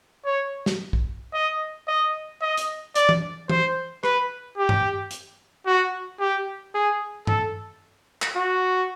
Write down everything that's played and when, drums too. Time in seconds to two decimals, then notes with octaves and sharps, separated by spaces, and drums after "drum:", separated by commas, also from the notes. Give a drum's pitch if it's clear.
0.26 C#5
0.66 drum: snare
0.93 drum: kick
1.33 D#5
1.87 D#5
2.42 D#5
2.57 drum: hi-hat
2.95 D5, drum: hi-hat
3.09 drum: tom E3
3.49 C5, drum: tom E3
4.04 B4, drum: rim click
4.58 G4
4.69 drum: tom G2
5.11 drum: hi-hat
5.66 F#4
6.20 G4
6.74 G#4
7.27 A4, drum: tom G2
8.22 drum: clap
8.36 F#4